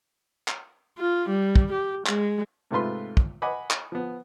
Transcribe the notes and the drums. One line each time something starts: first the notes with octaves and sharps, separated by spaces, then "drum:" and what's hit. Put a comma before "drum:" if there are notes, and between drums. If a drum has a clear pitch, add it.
drum: clap
F4
G3
drum: kick
G4
G#3, drum: clap
G#2 C3 A3 F4 B4 C6
drum: kick
D#5 F#5 G#5 B5 D6
drum: clap
F3 B3